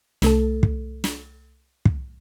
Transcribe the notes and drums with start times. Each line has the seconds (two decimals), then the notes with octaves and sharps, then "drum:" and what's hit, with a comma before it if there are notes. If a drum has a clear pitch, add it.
0.22 C2 A3 A4, drum: snare
0.63 drum: kick
1.04 drum: snare
1.85 drum: kick